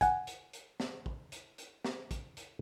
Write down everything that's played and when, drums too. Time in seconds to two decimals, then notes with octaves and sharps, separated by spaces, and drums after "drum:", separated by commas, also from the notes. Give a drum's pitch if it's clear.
0.01 F#5 G#5, drum: kick, hi-hat
0.27 drum: hi-hat
0.53 drum: hi-hat
0.80 drum: snare
1.06 drum: kick
1.32 drum: hi-hat
1.58 drum: hi-hat
1.85 drum: snare
2.11 drum: kick, hi-hat
2.37 drum: hi-hat